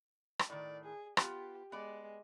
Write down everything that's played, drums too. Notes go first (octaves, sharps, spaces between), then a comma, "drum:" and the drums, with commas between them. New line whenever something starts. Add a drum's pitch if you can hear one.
drum: rim click
A2 D#3 D5
G#4
B3 F4 G4, drum: rim click
G#3 B3 D5